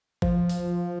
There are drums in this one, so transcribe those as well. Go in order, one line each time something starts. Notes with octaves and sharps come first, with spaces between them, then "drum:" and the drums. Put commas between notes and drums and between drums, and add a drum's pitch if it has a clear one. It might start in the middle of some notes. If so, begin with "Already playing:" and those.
F3, drum: kick A1
drum: open hi-hat